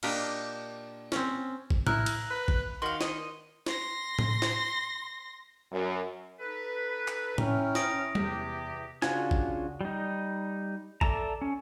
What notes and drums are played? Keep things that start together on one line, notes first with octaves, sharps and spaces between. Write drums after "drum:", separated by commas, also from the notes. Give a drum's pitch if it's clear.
A#2 A#3 D4 G4 D#5 G5, drum: cymbal
C4 C#4, drum: snare
drum: kick G#1
E4 A#4 F6 F#6, drum: tom A2
drum: cymbal
B4
drum: kick G#1
D#3 F#4 F5 C6
D#5, drum: snare
C6 A#6, drum: snare
drum: tom A2
drum: snare
F#2
D#4 A4 B4
drum: clap
C#4 E4 G5 A#5 F6, drum: tom A2
D#6 A#6 D7, drum: snare
E2 C3 G4, drum: tom G3
C#3 D4 F4 F#4 G#5, drum: snare
drum: kick G#1
G3 D#4
A4 D5 E5 A5 A#5, drum: kick G#1
C#4